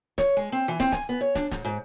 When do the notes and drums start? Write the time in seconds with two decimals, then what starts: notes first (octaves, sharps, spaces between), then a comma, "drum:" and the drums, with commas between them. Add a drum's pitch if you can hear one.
0.18 C#5, drum: snare
0.37 G#3
0.52 C4
0.68 E3
0.80 C4, drum: snare
0.92 G#5, drum: snare
1.09 B3
1.21 C#5
1.35 D4, drum: snare
1.51 G#2, drum: snare
1.65 G#2